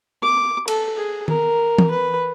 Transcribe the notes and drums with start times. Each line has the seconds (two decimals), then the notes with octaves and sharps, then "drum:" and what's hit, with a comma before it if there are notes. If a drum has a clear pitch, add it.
0.23 D6
0.68 A4, drum: cymbal
0.97 G#4
1.28 A#4, drum: tom D#3
1.78 drum: tom E3
1.91 B4